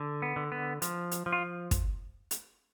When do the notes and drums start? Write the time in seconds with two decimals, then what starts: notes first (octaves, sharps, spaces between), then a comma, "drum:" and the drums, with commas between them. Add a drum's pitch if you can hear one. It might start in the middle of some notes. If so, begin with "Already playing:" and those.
Already playing: D3
0.22 B3
0.36 D3
0.52 B3
0.82 F3, drum: hi-hat
1.11 drum: hi-hat
1.26 F3
1.32 F4
1.71 drum: kick, hi-hat
2.31 drum: hi-hat